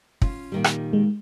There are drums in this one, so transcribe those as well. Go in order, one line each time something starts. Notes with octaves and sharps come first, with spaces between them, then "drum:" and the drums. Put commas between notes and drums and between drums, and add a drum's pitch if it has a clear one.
C#4 F4, drum: kick
A#2 D#3 G3
drum: rim click
G#3